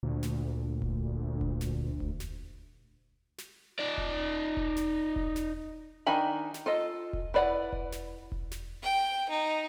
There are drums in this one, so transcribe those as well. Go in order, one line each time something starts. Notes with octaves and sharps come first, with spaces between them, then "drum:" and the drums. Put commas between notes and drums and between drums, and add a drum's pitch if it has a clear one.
D2 A#2
drum: snare
drum: kick E1
drum: kick E1
drum: snare
drum: kick E1
drum: snare
drum: snare
D#4 D5
drum: kick E1
drum: kick E1
drum: snare
drum: kick E1
drum: snare
D#3 D4 D#4 G#5 B5
drum: snare
F4 A4 D#5
drum: kick E1
E4 B4 D5 D#5 F#5
drum: kick E1
drum: snare
drum: kick E1
drum: snare
G5
D#4